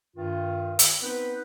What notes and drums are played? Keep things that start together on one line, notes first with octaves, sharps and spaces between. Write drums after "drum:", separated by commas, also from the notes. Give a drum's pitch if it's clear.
G2 D#3 F4
drum: hi-hat
B3 C4 D#4 B4